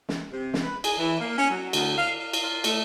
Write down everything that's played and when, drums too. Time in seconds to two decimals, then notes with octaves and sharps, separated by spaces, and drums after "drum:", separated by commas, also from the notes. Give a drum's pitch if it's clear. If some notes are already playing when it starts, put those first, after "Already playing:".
0.09 drum: snare
0.32 C3
0.54 drum: snare
0.63 B4
0.84 G#4, drum: cymbal
0.99 E3
1.20 A#3
1.37 C#4
1.50 F#3
1.73 D2, drum: cymbal
1.97 F5
2.19 F5
2.33 drum: cymbal
2.43 F4
2.64 A3, drum: cymbal